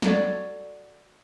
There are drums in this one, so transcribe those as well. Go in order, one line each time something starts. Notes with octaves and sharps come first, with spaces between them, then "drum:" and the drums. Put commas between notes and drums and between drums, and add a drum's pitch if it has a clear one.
F#4 A4 C#5 D5, drum: snare